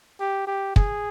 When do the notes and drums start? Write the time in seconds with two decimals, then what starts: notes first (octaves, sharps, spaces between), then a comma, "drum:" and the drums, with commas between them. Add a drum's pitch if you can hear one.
0.20 G4
0.47 G4
0.76 G#4, drum: kick